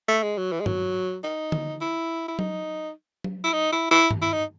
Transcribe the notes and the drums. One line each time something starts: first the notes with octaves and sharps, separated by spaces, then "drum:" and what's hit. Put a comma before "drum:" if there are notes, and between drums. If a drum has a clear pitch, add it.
A3
G#3
F#3
E3
G#3
F#3, drum: tom G2
D#4
drum: tom D3
E4
E4
D#4, drum: tom F#3
drum: tom F#3
E4
D#4
E4
E4
drum: tom
E4
D#4